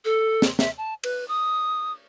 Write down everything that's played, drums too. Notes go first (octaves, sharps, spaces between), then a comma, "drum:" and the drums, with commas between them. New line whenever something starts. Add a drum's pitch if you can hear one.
A4
drum: snare
E5, drum: snare
A5
B4, drum: cymbal
D#6